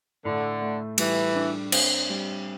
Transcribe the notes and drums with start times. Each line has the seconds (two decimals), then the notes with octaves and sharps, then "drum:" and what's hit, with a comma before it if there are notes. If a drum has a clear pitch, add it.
0.25 A2 D3
0.62 A3
0.98 E3 G3, drum: cymbal
1.35 D4
1.72 C4, drum: cymbal
2.10 G3